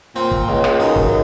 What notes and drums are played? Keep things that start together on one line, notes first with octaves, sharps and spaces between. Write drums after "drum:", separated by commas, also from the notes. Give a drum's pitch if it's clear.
A#2 C4
drum: kick
C#2
drum: rim click
F#2 D#4
drum: kick